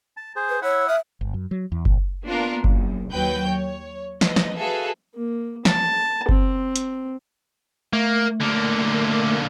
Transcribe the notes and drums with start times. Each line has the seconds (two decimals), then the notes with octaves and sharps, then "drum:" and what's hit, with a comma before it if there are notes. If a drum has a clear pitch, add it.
0.17 A5
0.36 G#4 C5
0.49 B4
0.62 E4 C#5 E5 F#5
0.88 E5 F5 D#6 F#6
1.21 G1
1.34 F#2
1.51 F#3
1.72 E2
1.85 A#1, drum: kick F#1
2.25 A#3 B3 D4 F4 A#4
2.64 A#1 F#2, drum: kick F#1
3.11 D#2 F#3 B4 G5 G6
3.46 C#5
4.21 B4 D#5, drum: snare
4.36 drum: snare
4.57 F#4 G#4 A4 B4 E5 F5
5.15 A#3
5.65 A5, drum: snare
6.29 C4, drum: kick F#1
6.76 drum: hi-hat
7.93 A3 A#3
8.41 D3 A#3